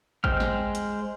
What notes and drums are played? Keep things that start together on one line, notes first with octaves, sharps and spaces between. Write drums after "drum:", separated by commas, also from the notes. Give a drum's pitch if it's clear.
G#3 C5 G5 F6, drum: kick A1
drum: snare
drum: hi-hat